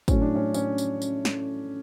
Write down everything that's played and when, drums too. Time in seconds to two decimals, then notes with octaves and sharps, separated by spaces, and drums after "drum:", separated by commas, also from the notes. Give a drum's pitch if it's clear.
0.08 A2 F#3 A3 C#4, drum: kick, tambourine
0.21 D4
0.35 C#4
0.54 C#4, drum: tambourine
0.78 drum: tambourine
1.02 drum: tambourine
1.25 drum: snare